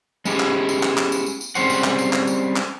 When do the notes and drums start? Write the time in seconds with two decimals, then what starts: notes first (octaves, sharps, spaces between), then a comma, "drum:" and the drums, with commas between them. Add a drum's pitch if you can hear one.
0.25 G#3 B3 C#4 E4 G4 G#4, drum: tambourine
0.40 drum: clap
0.69 drum: tambourine
0.83 drum: clap
0.98 drum: clap
1.12 drum: tambourine
1.26 drum: tambourine
1.41 drum: tambourine
1.55 G3 G#3 C4 C#4 C5 F#5, drum: tambourine
1.70 drum: tambourine
1.84 drum: clap
1.99 drum: tambourine
2.13 drum: clap
2.27 drum: tambourine
2.56 drum: clap